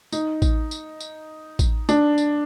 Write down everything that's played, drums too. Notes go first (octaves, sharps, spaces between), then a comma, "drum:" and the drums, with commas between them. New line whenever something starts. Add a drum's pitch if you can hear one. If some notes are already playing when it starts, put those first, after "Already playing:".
D#4, drum: tambourine
drum: kick A1, tambourine
drum: tambourine
drum: tambourine
drum: kick A1, tambourine
D4, drum: tambourine
drum: tambourine